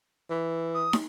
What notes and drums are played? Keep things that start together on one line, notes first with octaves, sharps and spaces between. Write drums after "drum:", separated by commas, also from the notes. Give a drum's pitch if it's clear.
E3
D#6
drum: snare